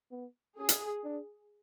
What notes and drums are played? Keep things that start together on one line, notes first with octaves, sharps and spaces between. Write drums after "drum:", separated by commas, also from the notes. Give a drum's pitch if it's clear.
B3
C#4 G#4
drum: hi-hat
D4